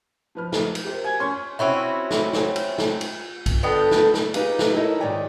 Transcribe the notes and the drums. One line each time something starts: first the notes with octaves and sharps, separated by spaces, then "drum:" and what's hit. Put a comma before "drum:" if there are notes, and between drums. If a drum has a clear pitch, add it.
F3 B4 F6
drum: snare
drum: cymbal
G4 A#4 C5
G#5
C#4 C6
C4 C#4 E4 F#4
drum: snare
drum: snare
drum: cymbal
drum: snare
drum: cymbal
drum: kick A#1, cymbal
D3 B3 G5
drum: snare
drum: snare
D#4 G4 G#4 B4 F5, drum: cymbal
drum: snare
D#4 E4 A4 A#4 C#5 D#5
G#2 D#3 G4 C#5 D5 G5